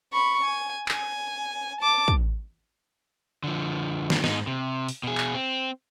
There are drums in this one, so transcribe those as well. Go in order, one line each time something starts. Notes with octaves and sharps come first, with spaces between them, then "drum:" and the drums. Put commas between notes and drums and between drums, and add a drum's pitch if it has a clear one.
B5 C#6
G#5
G#5, drum: clap
A5 D6
drum: kick
D3 F3
drum: snare
G#2 D#4, drum: snare
C3
drum: open hi-hat
B2 G#4
drum: clap
C4